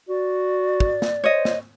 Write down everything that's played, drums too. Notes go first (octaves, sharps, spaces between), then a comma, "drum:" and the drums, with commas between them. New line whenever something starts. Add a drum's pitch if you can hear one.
F#4 D5
drum: kick
drum: snare
C5 C#5 D#5
drum: snare